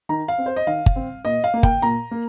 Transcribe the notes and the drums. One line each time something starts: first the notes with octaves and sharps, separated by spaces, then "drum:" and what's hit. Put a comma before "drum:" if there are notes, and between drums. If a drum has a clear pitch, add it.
D#3 A#5
F5
C4
C5
D#5
D#3 F5
drum: kick G1
C4
A#2 D#5
F5
A#3
G5, drum: kick G1
A#2 A#5
A#3